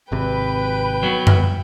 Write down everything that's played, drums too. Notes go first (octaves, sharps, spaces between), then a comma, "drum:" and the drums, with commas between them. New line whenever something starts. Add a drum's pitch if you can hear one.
G#1 C3 B4 G5
F#3 B3
drum: tom F#2